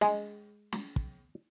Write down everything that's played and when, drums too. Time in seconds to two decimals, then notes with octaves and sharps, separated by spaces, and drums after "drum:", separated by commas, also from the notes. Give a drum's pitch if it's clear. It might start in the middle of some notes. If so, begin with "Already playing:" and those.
0.01 G#3, drum: snare
0.72 drum: snare
0.96 drum: kick